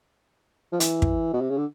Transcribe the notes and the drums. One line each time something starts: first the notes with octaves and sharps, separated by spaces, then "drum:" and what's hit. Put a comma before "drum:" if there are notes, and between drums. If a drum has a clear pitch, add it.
F3
E3, drum: hi-hat
drum: kick
B2
C3
C#3
D3